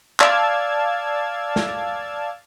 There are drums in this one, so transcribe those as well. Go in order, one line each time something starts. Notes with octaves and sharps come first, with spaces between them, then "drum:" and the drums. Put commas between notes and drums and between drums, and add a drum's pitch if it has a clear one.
D5 F5 A5 E6 G#6, drum: clap
drum: snare